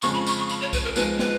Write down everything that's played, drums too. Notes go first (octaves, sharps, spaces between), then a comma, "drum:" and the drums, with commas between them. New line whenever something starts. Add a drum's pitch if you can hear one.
F2 C#3 F3 G#3 C#6, drum: tambourine
B5
C#6, drum: tambourine
C#6
B5, drum: tambourine
C#5
B4, drum: kick C2, tambourine
A#4
F3 G#3 D#4 B4, drum: tambourine
B4, drum: snare